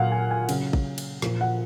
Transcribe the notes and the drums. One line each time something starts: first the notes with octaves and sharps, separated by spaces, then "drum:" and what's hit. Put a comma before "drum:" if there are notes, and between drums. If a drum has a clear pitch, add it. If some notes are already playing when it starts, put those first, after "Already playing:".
Already playing: A#2 F#3 F5 F#5
G#5
G#5
C#3 F#3, drum: cymbal
drum: kick A1
drum: cymbal
A#2 F3, drum: snare
F#5